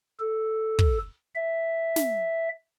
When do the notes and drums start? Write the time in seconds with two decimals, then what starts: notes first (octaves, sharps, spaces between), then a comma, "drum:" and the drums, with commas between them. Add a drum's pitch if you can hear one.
0.20 A4
0.79 drum: kick
1.35 E5
1.96 drum: snare